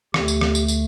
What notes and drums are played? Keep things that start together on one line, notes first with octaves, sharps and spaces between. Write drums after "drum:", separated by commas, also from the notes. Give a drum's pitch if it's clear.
D2 D3 A3 G4, drum: rim click
drum: tambourine
drum: rim click
drum: tambourine
drum: tambourine